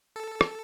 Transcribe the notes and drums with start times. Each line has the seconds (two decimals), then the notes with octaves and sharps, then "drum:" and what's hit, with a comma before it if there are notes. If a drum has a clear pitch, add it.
0.16 A4
0.41 drum: rim click